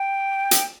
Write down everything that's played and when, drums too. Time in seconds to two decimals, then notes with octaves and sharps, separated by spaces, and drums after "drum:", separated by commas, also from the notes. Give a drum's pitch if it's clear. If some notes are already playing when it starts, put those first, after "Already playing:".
Already playing: G5
0.51 drum: hi-hat